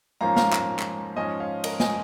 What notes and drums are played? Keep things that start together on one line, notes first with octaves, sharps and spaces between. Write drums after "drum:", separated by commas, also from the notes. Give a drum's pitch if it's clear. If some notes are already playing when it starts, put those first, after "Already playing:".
G#2 F3 A#3 C#4 F5 A#5
F5 A#5, drum: snare
F5 A#5, drum: clap
drum: clap
G#2 F3 C#4 D#5 G#5
C#5 F5
A#4 D#5, drum: cymbal
D#5 G#5, drum: snare